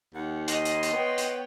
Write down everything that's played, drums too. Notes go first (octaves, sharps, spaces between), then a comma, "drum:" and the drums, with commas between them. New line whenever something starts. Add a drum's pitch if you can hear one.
D#2 F#5
D#5 C6, drum: hi-hat
drum: hi-hat
drum: hi-hat
B3 C#5 G5
drum: hi-hat